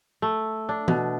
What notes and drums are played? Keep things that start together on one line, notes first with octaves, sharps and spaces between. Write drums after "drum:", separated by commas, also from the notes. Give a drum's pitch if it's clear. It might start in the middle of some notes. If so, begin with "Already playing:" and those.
A3
D4
B2, drum: tom